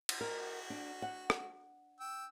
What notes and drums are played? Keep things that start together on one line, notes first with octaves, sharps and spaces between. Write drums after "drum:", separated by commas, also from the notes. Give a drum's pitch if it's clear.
drum: cymbal
F#4 A#4
D4
F#5
drum: rim click
G5 E6